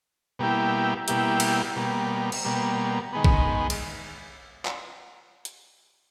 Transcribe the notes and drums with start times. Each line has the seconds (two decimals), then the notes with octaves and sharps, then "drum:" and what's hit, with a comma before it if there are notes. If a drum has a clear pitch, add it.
0.39 B2 G3 A#3 E4 G4
1.08 B2 G3 A#3 E4 G4, drum: hi-hat
1.40 drum: cymbal
1.76 B2 G3 A#3
2.32 drum: cymbal
2.45 B2 G3 A#3
3.13 D#3 G#3 B3
3.25 drum: kick A#1
3.70 drum: cymbal
4.65 drum: clap
5.45 drum: hi-hat